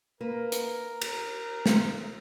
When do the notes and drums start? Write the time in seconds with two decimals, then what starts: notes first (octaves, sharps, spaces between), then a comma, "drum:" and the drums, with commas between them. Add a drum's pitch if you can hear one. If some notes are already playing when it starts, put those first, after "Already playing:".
0.21 A#3 A#4 B4
0.52 drum: hi-hat
1.02 A#5, drum: cymbal
1.66 drum: snare